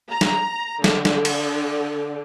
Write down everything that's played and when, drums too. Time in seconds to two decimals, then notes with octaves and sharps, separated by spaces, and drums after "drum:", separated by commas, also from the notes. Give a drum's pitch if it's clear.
0.11 A#5
0.21 drum: snare
0.84 D3, drum: snare
1.05 drum: snare
1.25 drum: cymbal